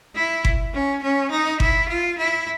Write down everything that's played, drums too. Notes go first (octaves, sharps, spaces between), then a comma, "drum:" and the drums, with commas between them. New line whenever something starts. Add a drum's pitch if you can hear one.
E4
drum: kick G1
C#4
C#4
D#4
E4, drum: kick G1
F4
E4